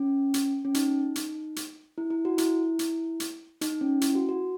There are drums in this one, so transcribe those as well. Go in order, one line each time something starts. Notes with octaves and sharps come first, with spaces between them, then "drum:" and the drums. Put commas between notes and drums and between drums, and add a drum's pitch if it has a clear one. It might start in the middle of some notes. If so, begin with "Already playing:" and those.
Already playing: C#4
drum: hi-hat
C#4
D#4, drum: hi-hat
drum: hi-hat
drum: hi-hat
E4
E4
F#4
E4, drum: hi-hat
drum: hi-hat
drum: hi-hat
D#4, drum: hi-hat
C#4
E4, drum: hi-hat
F#4
F#4